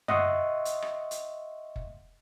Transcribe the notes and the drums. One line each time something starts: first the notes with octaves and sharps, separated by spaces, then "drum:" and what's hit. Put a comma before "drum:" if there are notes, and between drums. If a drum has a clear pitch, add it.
D#5 E5 F#5 C6 C#6 D#6, drum: tom F#2
drum: hi-hat
drum: rim click
drum: hi-hat
drum: kick F#1